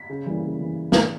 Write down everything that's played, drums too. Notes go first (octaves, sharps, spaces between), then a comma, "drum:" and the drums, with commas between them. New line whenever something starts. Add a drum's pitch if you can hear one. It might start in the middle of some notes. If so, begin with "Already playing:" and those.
Already playing: B6
C#3
E3 G3 A#3
C#3
E3
drum: snare